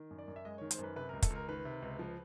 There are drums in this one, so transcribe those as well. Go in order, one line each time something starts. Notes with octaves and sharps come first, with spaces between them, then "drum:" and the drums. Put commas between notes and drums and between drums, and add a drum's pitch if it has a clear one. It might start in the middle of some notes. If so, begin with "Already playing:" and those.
Already playing: D#3
F#2
D5
F#2
E5
G#3 D#5
D#3 C#5
C5, drum: hi-hat
F#2 B4
C3 B4
C#2 A#4
A4, drum: kick, hi-hat
C#2
A#4
D#3 B4
C3
C#2
F3